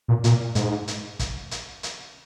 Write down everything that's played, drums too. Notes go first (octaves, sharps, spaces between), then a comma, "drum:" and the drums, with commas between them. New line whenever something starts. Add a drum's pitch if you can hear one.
A#2
A#2, drum: hi-hat
G#2, drum: hi-hat
drum: hi-hat
drum: kick, hi-hat
drum: hi-hat
drum: hi-hat